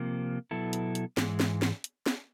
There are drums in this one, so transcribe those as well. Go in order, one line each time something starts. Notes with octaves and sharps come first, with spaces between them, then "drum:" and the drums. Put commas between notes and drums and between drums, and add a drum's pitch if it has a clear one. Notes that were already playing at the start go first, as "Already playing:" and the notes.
Already playing: C3 F3 A#3
B2 F#3 B3 E4 A4
drum: hi-hat
drum: hi-hat
G#2 E3 G#3, drum: snare
drum: snare
drum: snare
drum: hi-hat
drum: snare